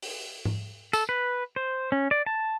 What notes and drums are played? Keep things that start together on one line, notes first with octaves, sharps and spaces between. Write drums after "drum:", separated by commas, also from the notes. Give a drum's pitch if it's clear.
drum: open hi-hat
drum: tom G#2
A4, drum: tambourine
B4
C5
C#4
D5
A5